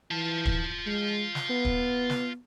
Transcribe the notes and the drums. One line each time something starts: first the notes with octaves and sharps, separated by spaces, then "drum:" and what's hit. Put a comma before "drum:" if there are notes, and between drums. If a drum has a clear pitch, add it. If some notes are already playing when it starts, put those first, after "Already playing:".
E3 F4 A5
drum: kick
G#3
drum: snare
B3
drum: kick
drum: snare